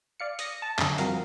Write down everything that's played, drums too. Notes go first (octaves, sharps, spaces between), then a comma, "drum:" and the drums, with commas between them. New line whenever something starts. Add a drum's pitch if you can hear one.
D5 F5 C#7
D#6 A#6 C#7, drum: hi-hat
A5
F#2 D3, drum: clap
F3 G3 C4 F#4 A#4 F5, drum: hi-hat